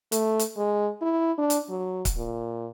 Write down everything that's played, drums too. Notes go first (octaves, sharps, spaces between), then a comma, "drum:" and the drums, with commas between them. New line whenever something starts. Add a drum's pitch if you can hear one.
A3, drum: hi-hat
drum: hi-hat
G#3
E4
D4
drum: hi-hat
F#3
drum: kick C#1, hi-hat
A#2